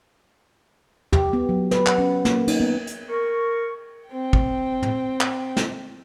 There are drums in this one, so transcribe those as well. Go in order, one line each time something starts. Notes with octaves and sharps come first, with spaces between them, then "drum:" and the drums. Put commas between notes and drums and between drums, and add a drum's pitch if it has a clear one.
G4, drum: tom
B3
F#3
B4, drum: snare
F#5, drum: clap
C#4
A#3, drum: snare
D#4, drum: cymbal
B3
drum: hi-hat
A#4 C#6
C4 G5
drum: kick
drum: tom
drum: clap
drum: snare